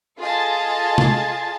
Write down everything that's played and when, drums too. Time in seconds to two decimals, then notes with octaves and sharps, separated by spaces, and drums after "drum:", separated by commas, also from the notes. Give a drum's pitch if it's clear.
0.17 F4 G#4 A4 D#5 A5
0.98 drum: tom